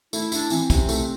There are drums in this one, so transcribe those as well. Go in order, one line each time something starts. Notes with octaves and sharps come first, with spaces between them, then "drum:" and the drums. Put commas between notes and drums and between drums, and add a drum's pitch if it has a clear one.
A3 E4, drum: tambourine
D4 E4, drum: tambourine
E3 C4, drum: tambourine
C3, drum: kick B1, tambourine
A3, drum: tambourine